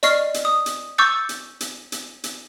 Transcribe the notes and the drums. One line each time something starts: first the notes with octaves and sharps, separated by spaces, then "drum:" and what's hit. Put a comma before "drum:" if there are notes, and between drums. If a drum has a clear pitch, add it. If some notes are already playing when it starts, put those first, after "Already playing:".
D5 D#5 C#6 F6 C7, drum: hi-hat
drum: hi-hat
D#6
drum: hi-hat
C#6 D6 E6 G6 A6 C#7
drum: hi-hat
drum: hi-hat
drum: hi-hat
drum: hi-hat